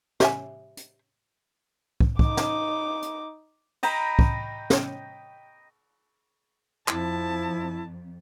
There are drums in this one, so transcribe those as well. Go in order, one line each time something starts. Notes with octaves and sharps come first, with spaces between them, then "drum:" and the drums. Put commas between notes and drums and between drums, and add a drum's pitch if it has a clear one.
G4 E5 G#5, drum: snare
drum: hi-hat
drum: kick
D#4 D6, drum: kick
drum: snare
drum: hi-hat
D#5 G5 A#5 B5, drum: cymbal
drum: kick
drum: snare
F2 F3 E4 A5, drum: clap